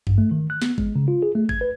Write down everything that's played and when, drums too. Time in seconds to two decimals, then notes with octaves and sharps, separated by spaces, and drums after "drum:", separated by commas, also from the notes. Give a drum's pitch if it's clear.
0.07 G2, drum: kick G#1
0.18 A3
0.31 D#3
0.50 F#6
0.62 B3, drum: snare
0.78 G#3, drum: kick G#1
0.96 C#3
1.08 F4
1.23 G#4
1.35 A3
1.49 G#6, drum: kick G#1
1.61 B4